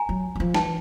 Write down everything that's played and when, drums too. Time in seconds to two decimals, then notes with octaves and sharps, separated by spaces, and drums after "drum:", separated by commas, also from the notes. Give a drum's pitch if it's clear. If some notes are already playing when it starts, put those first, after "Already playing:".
Already playing: G#5 A#5
0.09 F#3
0.35 F#3
0.40 F3
0.54 E3 G5 A5, drum: snare